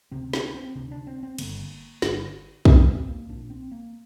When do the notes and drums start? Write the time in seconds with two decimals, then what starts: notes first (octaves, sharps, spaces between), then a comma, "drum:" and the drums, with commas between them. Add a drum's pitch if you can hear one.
0.11 D2 C3 C4
0.33 D4, drum: snare
0.54 C4
0.75 D2 C3 D4
0.91 D4
1.07 C4
1.23 C4
1.38 G1 G2 D3 A#3, drum: cymbal
2.02 G1 G2 D3, drum: snare
2.65 A#1 A#2 C4, drum: kick
2.87 C4
3.08 A#3
3.29 A#1 A#2 D4
3.50 C4
3.72 A#3